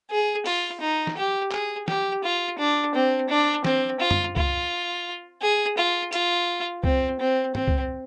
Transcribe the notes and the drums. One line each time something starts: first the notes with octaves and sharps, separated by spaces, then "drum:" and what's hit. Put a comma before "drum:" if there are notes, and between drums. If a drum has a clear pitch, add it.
G#4
F4, drum: open hi-hat
D#4
drum: snare
G4
G#4, drum: clap
G4, drum: snare
F4
D4
C4
D4
C4, drum: snare
F4
drum: tom F#2
F4, drum: kick C2
G#4
F4
F4, drum: hi-hat
C4, drum: kick C2
C4
C4, drum: tom
drum: kick C2